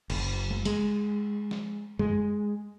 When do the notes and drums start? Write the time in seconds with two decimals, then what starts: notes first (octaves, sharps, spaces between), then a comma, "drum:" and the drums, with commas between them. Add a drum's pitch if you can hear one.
0.10 F#1, drum: cymbal
0.51 drum: tom G#3
0.65 G#3, drum: hi-hat
1.51 drum: snare
1.99 G#3, drum: tom F#2